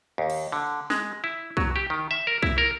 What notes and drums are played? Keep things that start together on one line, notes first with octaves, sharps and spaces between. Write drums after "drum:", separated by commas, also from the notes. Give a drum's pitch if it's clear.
D#2
drum: cymbal
D3
G#3, drum: snare
E4
F#3, drum: kick
G4
D#3
E5
A#4
E4, drum: kick
A#4